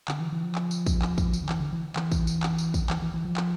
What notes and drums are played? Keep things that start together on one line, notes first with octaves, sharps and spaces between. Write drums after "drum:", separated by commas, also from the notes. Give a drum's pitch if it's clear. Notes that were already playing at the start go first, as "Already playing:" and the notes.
D3, drum: clap
E3
E3
F3
drum: clap
drum: tambourine
drum: kick, tambourine
drum: clap
drum: kick, tambourine
drum: tambourine
D3
E3, drum: clap
D3
E3
E3, drum: clap
drum: kick, tambourine
drum: tambourine
drum: clap
drum: tambourine
drum: kick, tambourine
E3, drum: clap
E3
E3
F3
drum: clap